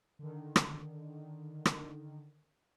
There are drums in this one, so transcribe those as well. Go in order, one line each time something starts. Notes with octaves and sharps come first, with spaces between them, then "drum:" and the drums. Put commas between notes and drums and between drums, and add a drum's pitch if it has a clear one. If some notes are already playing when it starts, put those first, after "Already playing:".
D3 D#3
drum: rim click
drum: rim click